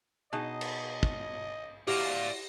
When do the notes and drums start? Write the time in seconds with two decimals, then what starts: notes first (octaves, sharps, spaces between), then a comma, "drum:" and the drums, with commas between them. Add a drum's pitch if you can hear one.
0.33 B2 D#4 G#4 D#5 A5
0.61 drum: cymbal
1.03 drum: kick
1.87 E4 F#4 G4 D5 F5 A#6 E7, drum: open hi-hat